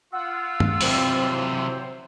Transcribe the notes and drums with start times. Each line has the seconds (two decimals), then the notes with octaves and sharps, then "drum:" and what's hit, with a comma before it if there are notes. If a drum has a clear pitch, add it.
0.13 F4 F#5 E6
0.60 drum: tom
0.81 C3 E3 F#3 C4 C5, drum: open hi-hat